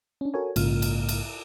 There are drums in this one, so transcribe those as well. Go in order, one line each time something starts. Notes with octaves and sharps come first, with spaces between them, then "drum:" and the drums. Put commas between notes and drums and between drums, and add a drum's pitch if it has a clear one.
C#4 D4
F#4 A4 A#4 C#5 G#5
A#1 G#2 C#3 A#3 F4 F6, drum: cymbal
drum: cymbal
drum: cymbal